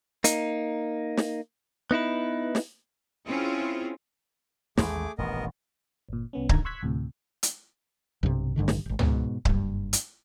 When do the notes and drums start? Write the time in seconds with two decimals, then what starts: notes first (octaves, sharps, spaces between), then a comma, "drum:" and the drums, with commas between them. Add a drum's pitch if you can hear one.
0.24 A#3 D#4, drum: hi-hat
1.17 drum: snare
1.91 B3 D#4 E4 B4
2.55 drum: snare
3.27 C4 C#4 E4 F4 G#4
4.77 A1 D#2 G#3 A3 G#4 D6, drum: snare
5.18 D#1 A1 G2 B3 A#4 D#5
6.09 G1 A#2
6.33 C2 B3 C#4
6.49 G1 D3 D#3 A#5 G#6, drum: kick C#1
6.65 C6 C#6 E6 F#6 G#6 B6
6.82 D2 A2 C3
7.43 drum: hi-hat
8.23 B1 G2 C3
8.56 A1 G2 D3 D#3
8.68 drum: snare
8.86 D1 G#1
8.99 G#2 B2, drum: tom
9.45 F#1 G2, drum: kick C#1
9.93 drum: hi-hat